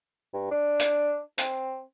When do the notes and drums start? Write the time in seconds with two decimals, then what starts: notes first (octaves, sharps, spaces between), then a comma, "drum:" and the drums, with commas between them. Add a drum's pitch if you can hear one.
0.33 G2
0.51 D4
0.80 drum: hi-hat
1.38 C4, drum: hi-hat